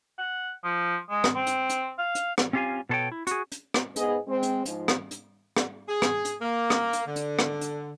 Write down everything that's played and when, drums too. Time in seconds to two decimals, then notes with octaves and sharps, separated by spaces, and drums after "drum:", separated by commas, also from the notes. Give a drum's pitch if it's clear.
0.18 F#5
0.64 F3
1.10 G#3
1.24 drum: rim click
1.35 C4
1.47 drum: hi-hat
1.69 drum: hi-hat
1.99 F5
2.15 drum: hi-hat
2.38 drum: rim click
2.53 C4 C#4 F4 G4 F5 G#5
2.89 B2 B3 A4 C5 C#5 G5
3.12 E4
3.27 F#4 G#4, drum: hi-hat
3.52 drum: hi-hat
3.74 drum: rim click
3.96 G#2 B3 G#4 B4 D#5, drum: hi-hat
4.28 G#3 C4
4.43 drum: hi-hat
4.65 G#2 F3, drum: hi-hat
4.88 drum: rim click
5.11 drum: hi-hat
5.56 drum: rim click
5.88 G#4
6.02 drum: rim click
6.25 drum: hi-hat
6.42 A#3
6.70 drum: rim click
6.93 drum: hi-hat
7.06 D3
7.16 drum: hi-hat
7.39 drum: rim click
7.61 drum: hi-hat